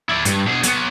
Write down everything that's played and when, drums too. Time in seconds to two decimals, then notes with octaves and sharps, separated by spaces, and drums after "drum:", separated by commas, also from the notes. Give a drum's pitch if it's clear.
0.09 E4 D5
0.25 G2, drum: hi-hat
0.46 B2 G#4
0.63 F#3 B3, drum: hi-hat